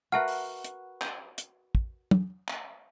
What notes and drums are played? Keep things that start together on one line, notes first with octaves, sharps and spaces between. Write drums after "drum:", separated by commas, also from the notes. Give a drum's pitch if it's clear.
F#4 A#4 B4 E5 F#5 A5 F6
drum: open hi-hat
drum: hi-hat
G6, drum: clap
drum: hi-hat
drum: kick
drum: tom
drum: clap